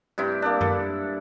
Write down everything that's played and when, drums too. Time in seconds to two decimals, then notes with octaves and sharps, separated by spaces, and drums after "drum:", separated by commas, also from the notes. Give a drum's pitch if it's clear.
0.18 G2 C3 E4
0.42 A#3 D4
0.61 A4, drum: tom F#2